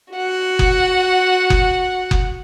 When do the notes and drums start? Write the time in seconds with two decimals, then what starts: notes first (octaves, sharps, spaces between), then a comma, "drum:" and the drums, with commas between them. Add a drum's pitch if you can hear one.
0.14 F#4 F#5
0.59 drum: kick F#1
1.50 drum: kick F#1
2.11 drum: kick F#1